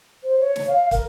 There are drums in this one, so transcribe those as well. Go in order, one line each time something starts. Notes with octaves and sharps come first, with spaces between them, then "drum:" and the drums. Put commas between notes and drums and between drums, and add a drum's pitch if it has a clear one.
C5
C#5
drum: snare
F5
A#4, drum: kick, hi-hat